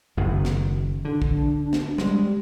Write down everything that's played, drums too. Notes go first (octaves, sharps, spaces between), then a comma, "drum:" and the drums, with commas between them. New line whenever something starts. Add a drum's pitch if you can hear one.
F#1 F#2 D#3
drum: snare
D3 D4
drum: kick
drum: snare
G3 G#3, drum: snare